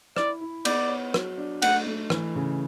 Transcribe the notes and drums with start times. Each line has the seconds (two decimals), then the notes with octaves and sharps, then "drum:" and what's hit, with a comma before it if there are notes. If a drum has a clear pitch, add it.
0.16 E4 D5, drum: rim click
0.41 E4
0.65 B3 D5, drum: cymbal
0.89 C#5
1.14 F#3, drum: rim click
1.38 D4
1.62 A3 F#5, drum: cymbal
1.86 A3
2.10 E3, drum: rim click
2.36 C#3